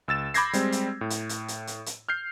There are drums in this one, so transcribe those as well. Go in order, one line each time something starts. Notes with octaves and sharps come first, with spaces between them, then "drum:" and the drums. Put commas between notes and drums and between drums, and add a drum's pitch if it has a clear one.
C#2 E6 A6 E7
B5 D6 G6 G#6 A#6 C7, drum: hi-hat
G3 G#3 C4, drum: hi-hat
drum: hi-hat
A2
drum: hi-hat
drum: hi-hat
drum: hi-hat
drum: hi-hat
drum: hi-hat
F6 G6 C7